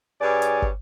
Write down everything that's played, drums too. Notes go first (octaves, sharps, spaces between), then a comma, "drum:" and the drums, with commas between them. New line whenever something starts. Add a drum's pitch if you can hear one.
G2 G#4 C#5 D5 G#5
drum: hi-hat
drum: kick